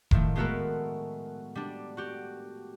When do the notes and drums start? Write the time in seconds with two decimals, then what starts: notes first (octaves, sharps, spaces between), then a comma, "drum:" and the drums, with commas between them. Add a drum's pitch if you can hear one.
0.11 A2 D#3 F3 A3, drum: kick E1
0.36 G#3 A3 B3 F#4 A4 A#4
1.55 G3 D4
1.97 F#4 G4